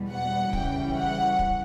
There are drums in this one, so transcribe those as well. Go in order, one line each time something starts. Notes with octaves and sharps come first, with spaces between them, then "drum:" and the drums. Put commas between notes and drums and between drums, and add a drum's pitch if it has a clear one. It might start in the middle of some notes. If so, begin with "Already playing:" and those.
Already playing: E2 B2 G3
F#5
C#3 E3 G3 C#4 G5, drum: kick
F#5
drum: kick